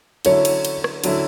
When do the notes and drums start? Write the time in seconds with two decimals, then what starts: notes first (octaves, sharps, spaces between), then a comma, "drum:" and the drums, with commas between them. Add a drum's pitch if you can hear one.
0.25 D3 F#3 C#4 E4 C#5, drum: cymbal
0.45 drum: cymbal
0.65 drum: cymbal
0.84 drum: rim click
1.04 D3 F#3 C#4 E4, drum: cymbal